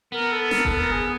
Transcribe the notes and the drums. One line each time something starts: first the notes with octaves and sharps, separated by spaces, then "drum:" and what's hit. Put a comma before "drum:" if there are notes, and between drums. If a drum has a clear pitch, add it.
B3 A#4
A4
A#4, drum: snare
A4, drum: kick F1
A#4
G#4